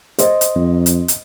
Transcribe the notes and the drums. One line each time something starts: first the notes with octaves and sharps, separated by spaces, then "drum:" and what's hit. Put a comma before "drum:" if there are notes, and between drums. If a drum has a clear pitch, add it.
C5 D#5, drum: hi-hat
drum: hi-hat
F2
drum: hi-hat
drum: hi-hat